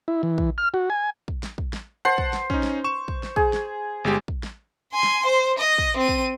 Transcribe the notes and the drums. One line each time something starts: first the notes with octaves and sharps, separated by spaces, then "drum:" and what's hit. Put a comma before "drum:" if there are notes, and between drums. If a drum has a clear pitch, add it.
E4
E3
drum: kick
F6
F#4
G#5
drum: kick
drum: snare
drum: kick
drum: snare
C5 F#5 A5 C7
drum: kick
drum: snare
C#4 D#4, drum: kick
drum: snare
C#6 E7
drum: kick
drum: snare
G#4, drum: kick
drum: snare
G1 G#3 G4
drum: kick
drum: snare
G#5 C6
drum: snare
C5
D#5
drum: kick
C4 D#7
drum: kick